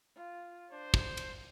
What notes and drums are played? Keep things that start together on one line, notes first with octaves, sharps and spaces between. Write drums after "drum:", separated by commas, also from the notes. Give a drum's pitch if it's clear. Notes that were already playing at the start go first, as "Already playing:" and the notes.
F4
D4 C5
drum: kick
drum: cymbal